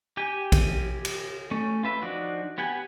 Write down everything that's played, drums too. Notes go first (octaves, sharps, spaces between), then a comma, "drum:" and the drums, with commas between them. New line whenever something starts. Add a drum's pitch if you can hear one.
G4 G5 G#5
drum: kick A#1, cymbal
drum: cymbal
A3 C#4
F4 B4 E5
F3 D4 D#4 F#4
B3 G4 F#5 G#5